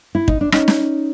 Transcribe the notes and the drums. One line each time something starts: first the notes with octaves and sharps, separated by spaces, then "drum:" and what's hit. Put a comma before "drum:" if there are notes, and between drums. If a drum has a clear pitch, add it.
E4
D#4, drum: kick
D4
C#4 D#4, drum: rim click
drum: snare